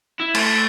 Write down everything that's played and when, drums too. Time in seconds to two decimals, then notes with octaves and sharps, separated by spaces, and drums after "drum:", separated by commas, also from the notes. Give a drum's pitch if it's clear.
0.20 E4
0.35 A3, drum: cymbal